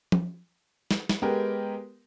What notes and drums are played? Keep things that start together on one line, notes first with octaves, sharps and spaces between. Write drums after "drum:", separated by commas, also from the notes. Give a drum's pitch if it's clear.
drum: tom F3
drum: snare
drum: snare
G#3 B3 G4 A#4